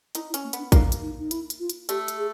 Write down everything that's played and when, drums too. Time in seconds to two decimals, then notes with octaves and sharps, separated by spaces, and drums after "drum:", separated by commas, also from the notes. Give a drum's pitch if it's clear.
0.15 D#4 E4, drum: hi-hat
0.29 E4
0.34 C#4, drum: hi-hat
0.44 A#3
0.53 B3 D4, drum: hi-hat
0.72 A#3 D#4, drum: kick, hi-hat
0.92 drum: hi-hat
1.02 D#4
1.19 D#4
1.31 E4, drum: hi-hat
1.50 drum: hi-hat
1.60 F4
1.70 drum: hi-hat
1.89 A3 G4, drum: hi-hat
2.08 drum: hi-hat
2.18 G#4